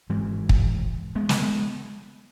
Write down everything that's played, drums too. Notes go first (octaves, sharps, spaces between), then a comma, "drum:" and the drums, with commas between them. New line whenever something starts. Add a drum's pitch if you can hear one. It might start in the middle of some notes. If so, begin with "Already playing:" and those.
G#1 G#2 E3 G#3
drum: kick
G#3 B3
drum: snare
G#3 B3